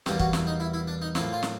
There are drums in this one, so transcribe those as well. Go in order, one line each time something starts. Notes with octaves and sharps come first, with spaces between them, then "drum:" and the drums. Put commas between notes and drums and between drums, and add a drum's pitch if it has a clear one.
E2 B2 G3 A#3 G4, drum: snare
F#4, drum: kick
E4, drum: snare
D#4
E4
E4
D4
D#4
A2 F3 A#3 E4, drum: snare
F4
drum: snare